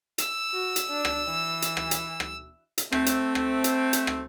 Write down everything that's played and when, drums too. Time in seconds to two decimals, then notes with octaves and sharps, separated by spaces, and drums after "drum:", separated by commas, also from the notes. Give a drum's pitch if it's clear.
0.18 E6, drum: hi-hat
0.53 F#4
0.76 drum: hi-hat
0.88 D4
1.05 drum: rim click
1.28 E3
1.62 drum: hi-hat
1.77 drum: rim click
1.91 drum: hi-hat
2.20 drum: rim click
2.78 drum: hi-hat
2.92 A3 C4, drum: rim click
3.06 drum: hi-hat
3.35 drum: rim click
3.64 drum: hi-hat
3.93 drum: hi-hat
4.07 drum: rim click